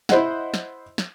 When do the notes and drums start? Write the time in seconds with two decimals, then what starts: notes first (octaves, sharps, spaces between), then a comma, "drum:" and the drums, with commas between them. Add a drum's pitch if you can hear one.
0.09 E4 C5 D#5 F#5, drum: snare
0.54 drum: snare
0.98 drum: snare